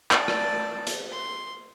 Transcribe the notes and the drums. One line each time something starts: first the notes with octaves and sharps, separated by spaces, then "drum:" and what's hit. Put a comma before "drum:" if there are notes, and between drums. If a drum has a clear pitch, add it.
D5 A5, drum: clap
drum: rim click
drum: hi-hat
C6